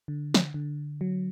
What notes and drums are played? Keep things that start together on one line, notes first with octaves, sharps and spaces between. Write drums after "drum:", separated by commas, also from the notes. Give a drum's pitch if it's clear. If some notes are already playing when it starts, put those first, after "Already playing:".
D3
drum: snare
D3
F#3